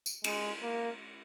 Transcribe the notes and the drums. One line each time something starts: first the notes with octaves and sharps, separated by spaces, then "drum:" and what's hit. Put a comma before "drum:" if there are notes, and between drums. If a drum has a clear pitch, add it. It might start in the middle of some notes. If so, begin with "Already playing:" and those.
drum: tambourine
G#3, drum: cymbal
A#3